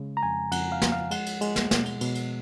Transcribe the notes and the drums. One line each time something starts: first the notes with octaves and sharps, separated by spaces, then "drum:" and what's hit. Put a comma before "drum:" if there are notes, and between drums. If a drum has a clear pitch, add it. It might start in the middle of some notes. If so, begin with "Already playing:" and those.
Already playing: C#3 G#3
A#5
F2 G#5
F2 F#5, drum: cymbal
F5
F3, drum: snare
F5
G#3 F#5, drum: cymbal
drum: cymbal
G#3, drum: cymbal
drum: snare
B2, drum: snare
drum: cymbal
B2, drum: cymbal
drum: cymbal